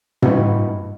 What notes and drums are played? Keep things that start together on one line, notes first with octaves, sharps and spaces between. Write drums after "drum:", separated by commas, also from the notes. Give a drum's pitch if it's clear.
G2 D#4 E4 F#4 B4 G5, drum: tom